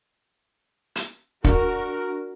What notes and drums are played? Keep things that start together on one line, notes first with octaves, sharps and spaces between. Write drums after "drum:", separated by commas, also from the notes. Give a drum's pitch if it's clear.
drum: hi-hat
D4 F#4 A#4, drum: kick